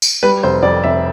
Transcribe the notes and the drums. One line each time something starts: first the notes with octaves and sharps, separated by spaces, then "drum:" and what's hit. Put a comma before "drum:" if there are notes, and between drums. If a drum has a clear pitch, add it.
drum: tambourine
G3 B4
F1 C5
F2 D5
F1 E5